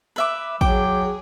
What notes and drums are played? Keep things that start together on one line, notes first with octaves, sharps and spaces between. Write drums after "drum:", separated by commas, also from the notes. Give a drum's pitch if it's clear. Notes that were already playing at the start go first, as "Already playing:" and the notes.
B4 E5 D6
F#3 G#4 G5 D6, drum: kick A1